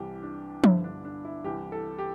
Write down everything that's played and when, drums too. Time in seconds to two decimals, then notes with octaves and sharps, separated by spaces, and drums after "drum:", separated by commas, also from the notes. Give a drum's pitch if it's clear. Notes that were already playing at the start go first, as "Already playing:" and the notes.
Already playing: C2 C3 E3 G4
0.23 D4
0.64 G1 G2 D3 E4, drum: tom F3
0.84 D4
1.05 D4
1.25 E4
1.44 C2 C3 E3 G4
1.72 A4
1.98 G4